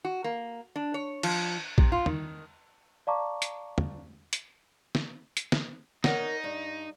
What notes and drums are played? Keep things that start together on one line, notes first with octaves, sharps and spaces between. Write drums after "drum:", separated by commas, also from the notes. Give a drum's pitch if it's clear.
F#4
A#3
D4
C#5
F3, drum: cymbal
C3, drum: kick
F4
D#3, drum: tom
D5 F5 A5 A#5 C#6 D6
drum: hi-hat
drum: tom
drum: hi-hat
drum: snare
drum: hi-hat
drum: snare
D#4 A#4 C#5 F#5, drum: snare
G2